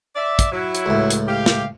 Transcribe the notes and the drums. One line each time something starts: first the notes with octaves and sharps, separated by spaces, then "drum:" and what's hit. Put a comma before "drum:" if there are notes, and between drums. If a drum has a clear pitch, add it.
D5 E5
drum: kick, hi-hat
F#3 E4
drum: hi-hat
C#2 A2
drum: hi-hat
G4 F5
drum: snare